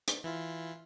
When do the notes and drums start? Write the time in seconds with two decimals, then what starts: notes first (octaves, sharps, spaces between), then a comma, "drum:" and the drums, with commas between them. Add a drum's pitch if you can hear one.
0.08 drum: hi-hat
0.24 E3 E4 F4